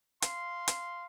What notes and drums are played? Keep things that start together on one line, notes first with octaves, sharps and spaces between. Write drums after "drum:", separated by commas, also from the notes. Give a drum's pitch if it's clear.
F5 C6, drum: hi-hat
drum: hi-hat